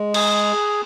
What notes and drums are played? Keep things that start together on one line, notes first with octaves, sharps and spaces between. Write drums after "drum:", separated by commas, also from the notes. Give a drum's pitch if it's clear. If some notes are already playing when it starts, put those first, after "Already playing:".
Already playing: G#3
G#4, drum: cymbal